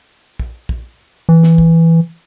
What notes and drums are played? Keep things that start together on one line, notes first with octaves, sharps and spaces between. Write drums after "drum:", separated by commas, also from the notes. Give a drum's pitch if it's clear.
drum: kick
drum: kick
E3
drum: snare
drum: kick